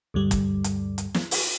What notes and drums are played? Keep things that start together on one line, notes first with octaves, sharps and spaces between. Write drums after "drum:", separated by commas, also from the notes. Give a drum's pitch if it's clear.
D2 G2 G3
drum: kick, hi-hat
drum: hi-hat
drum: hi-hat
drum: snare
drum: open hi-hat